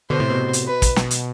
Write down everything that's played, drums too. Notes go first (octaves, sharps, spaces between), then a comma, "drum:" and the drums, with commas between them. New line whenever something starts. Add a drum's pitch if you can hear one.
B2 D3 C5
A2 C3
B2
drum: hi-hat
B4
drum: kick, hi-hat
B2, drum: snare
drum: hi-hat